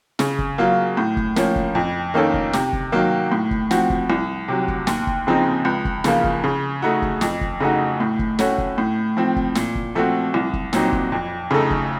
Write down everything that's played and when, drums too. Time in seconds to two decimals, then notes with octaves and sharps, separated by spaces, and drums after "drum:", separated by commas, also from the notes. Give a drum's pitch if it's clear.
0.19 C#3, drum: snare
0.39 drum: kick
0.58 F#3 A#3 F4
0.97 A2
1.17 drum: kick
1.36 F3 A#3 C#4, drum: snare
1.56 drum: kick
1.75 F2
2.14 D#3 A#3 C#4 A4
2.34 drum: kick
2.53 C3, drum: snare
2.73 drum: kick
2.92 D#3 F#3 A#3
3.32 A2
3.51 drum: kick
3.71 F3 C4 F#4, drum: snare
3.90 drum: kick
4.10 C2
4.48 C3 F#3
4.68 drum: kick
4.87 D#2, drum: snare
5.07 drum: kick
5.27 C#3 F3 C4 D#4
5.65 C#2
5.85 drum: kick
6.04 C#3 F3 A#3 F4, drum: snare
6.24 drum: kick
6.44 C#3
6.82 A3 D#4 F#4
7.02 drum: kick
7.21 F2, drum: snare
7.41 drum: kick
7.60 C#3 A3 D#4 F#4
8.00 A2
8.19 drum: kick
8.39 A3 C#4 F#4, drum: snare
8.58 drum: kick
8.78 A2
9.17 F3 C4
9.36 drum: kick
9.55 A#2, drum: snare
9.75 drum: kick
9.95 F3 A3 C4 F#4
10.34 C2
10.53 drum: kick
10.73 A#2 F#3 C4 D#4, drum: snare
10.92 drum: kick
11.12 F2
11.51 C#3 A3 D#4 A4
11.70 drum: kick